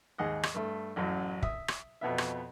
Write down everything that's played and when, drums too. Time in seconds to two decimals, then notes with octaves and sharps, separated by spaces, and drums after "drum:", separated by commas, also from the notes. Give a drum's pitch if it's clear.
0.18 D#2 G#2 G#4 D#5 F#5
0.43 drum: rim click
0.55 G2 A3
0.96 A1 F#2 F#3
1.43 E5 D#6, drum: kick
1.68 drum: rim click
2.01 F2 B2 B3 E5
2.18 drum: rim click